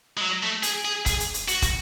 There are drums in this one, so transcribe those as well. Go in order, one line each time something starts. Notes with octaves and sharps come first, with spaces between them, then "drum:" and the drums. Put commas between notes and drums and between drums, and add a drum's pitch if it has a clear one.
G#3
F#3
A3
G#4, drum: hi-hat
G#4
G#4, drum: kick, hi-hat
drum: hi-hat
drum: hi-hat
F#4, drum: hi-hat
drum: kick, hi-hat